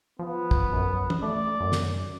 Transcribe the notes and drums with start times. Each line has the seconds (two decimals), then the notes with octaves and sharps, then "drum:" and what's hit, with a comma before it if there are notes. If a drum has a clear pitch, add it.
0.19 F3 B3
0.51 drum: kick
0.72 F#2
1.10 drum: tom E3
1.23 A3 D5
1.60 F#2
1.72 drum: snare